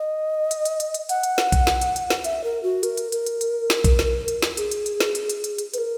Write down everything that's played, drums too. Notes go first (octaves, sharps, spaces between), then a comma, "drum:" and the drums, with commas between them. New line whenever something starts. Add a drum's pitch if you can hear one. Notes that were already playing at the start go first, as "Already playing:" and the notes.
Already playing: D#5
drum: hi-hat
drum: hi-hat
drum: hi-hat
drum: hi-hat
F#5, drum: hi-hat
drum: hi-hat
drum: snare
drum: kick B1, hi-hat
drum: snare
drum: hi-hat
drum: hi-hat
drum: snare
E5, drum: hi-hat
A#4
F#4
A#4, drum: hi-hat
drum: hi-hat
A#4, drum: hi-hat
drum: hi-hat
drum: hi-hat
drum: snare
drum: kick B1, hi-hat
drum: snare
drum: hi-hat
drum: snare
G#4, drum: hi-hat
drum: hi-hat
drum: hi-hat
drum: snare
drum: hi-hat
drum: hi-hat
drum: hi-hat
drum: hi-hat
B4, drum: hi-hat
A#4